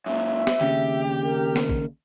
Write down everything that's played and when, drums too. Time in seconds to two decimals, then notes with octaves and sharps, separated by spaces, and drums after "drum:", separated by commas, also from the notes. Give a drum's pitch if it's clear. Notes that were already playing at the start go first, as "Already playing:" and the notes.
0.06 F#2 A#2 E5
0.47 drum: snare
0.61 D#2 C#3 G4
1.23 A#4
1.56 drum: snare
1.69 drum: kick